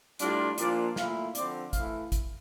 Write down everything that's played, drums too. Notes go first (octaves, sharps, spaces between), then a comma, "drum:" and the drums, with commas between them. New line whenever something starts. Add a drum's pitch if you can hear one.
A2 G3 D4 F4, drum: hi-hat
A#2 F3 A#3 D4 F4 D5, drum: hi-hat
A#2 A3 E4 F5, drum: snare
D3 F3 C4 D5, drum: hi-hat
E3 A3 E4 F5, drum: kick G#1, hi-hat
drum: kick G#1, hi-hat